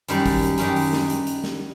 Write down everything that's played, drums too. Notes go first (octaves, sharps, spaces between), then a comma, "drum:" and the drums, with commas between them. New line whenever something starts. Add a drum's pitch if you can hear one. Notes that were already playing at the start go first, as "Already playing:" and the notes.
F#2 D#3 G3, drum: hi-hat
drum: kick, open hi-hat
drum: hi-hat
F#2 D#3 G3, drum: hi-hat
drum: open hi-hat
drum: snare G#4
drum: hi-hat
drum: hi-hat
drum: snare G#4